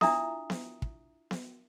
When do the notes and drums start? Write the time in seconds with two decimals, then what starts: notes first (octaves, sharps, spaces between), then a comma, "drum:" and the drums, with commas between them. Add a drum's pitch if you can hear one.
0.01 D4 E4 F4 E5 A#5 D#6, drum: snare B3
0.50 drum: snare B3
0.82 drum: kick
1.31 drum: snare B3